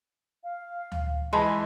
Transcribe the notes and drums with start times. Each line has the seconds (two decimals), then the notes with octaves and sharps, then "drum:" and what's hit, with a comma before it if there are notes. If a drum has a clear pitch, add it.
0.44 F5
0.92 drum: tom D2
1.33 E3 G#3 G#5 A5 B5 C6